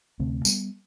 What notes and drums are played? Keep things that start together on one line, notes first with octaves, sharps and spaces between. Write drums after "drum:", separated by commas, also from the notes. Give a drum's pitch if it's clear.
D2 C3 A3 C4
G3 B3, drum: tambourine